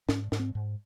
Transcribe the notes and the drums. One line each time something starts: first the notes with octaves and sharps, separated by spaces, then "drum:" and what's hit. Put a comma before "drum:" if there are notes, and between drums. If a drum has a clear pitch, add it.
G#2 C#4, drum: snare
G#2, drum: snare
C4
G#2